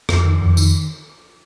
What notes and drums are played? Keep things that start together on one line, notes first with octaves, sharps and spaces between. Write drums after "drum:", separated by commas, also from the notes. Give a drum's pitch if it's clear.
F2, drum: rim click
D#3
F2
D#3, drum: tambourine